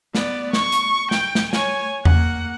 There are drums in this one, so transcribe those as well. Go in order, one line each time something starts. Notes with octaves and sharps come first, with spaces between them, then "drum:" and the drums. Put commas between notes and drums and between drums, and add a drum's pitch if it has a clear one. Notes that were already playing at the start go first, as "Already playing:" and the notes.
B3 D5, drum: snare
C#6, drum: snare
drum: hi-hat
G5, drum: snare
drum: snare
C#5 G#5, drum: snare
A#3 F#5, drum: tom E2